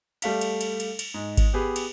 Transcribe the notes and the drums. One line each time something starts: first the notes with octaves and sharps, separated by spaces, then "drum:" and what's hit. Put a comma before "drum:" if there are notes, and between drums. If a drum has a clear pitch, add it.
G3 A3 F5 B6, drum: cymbal
drum: cymbal
drum: cymbal
drum: cymbal
drum: cymbal
G#2
drum: kick G#1, cymbal
B3 G4 G#4 B4
drum: cymbal